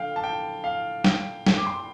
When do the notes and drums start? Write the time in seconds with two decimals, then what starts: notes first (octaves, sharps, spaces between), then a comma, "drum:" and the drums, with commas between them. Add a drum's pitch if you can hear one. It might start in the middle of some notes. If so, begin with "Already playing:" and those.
Already playing: D3 F3 A3 F5 G5
0.16 A5
0.24 G5
0.64 F5
1.04 G5, drum: snare
1.47 G5, drum: snare
1.57 D6
1.67 C6